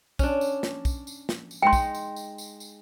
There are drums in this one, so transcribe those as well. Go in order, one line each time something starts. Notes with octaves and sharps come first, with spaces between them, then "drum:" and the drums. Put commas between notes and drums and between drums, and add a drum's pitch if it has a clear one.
C#4 D4, drum: kick, tambourine
drum: tambourine
drum: snare
drum: kick, tambourine
drum: tambourine
drum: snare
drum: tambourine
G#3 D#4 G5 C6
drum: kick, tambourine
drum: tambourine
drum: tambourine
drum: tambourine
drum: tambourine